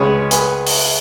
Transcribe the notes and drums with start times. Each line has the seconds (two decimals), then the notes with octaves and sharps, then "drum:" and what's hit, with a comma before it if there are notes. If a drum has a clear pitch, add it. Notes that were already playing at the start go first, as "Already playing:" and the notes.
Already playing: C#2 C#3 G#3 C#4 G#4 B4
0.31 G#4 B4, drum: hi-hat
0.67 drum: open hi-hat